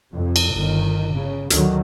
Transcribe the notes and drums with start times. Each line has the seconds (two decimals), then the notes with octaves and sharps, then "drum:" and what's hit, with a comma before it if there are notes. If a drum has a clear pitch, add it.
0.10 F2 C3
0.36 drum: cymbal
0.53 G1 D#3
1.13 C#3
1.50 D2 D3 D#3 F#3, drum: hi-hat